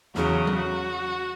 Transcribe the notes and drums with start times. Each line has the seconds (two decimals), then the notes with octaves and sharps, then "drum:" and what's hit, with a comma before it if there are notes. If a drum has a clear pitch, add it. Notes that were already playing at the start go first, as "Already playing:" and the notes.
0.15 E2 C#3 F#3 F#4, drum: snare
0.47 drum: tom F#3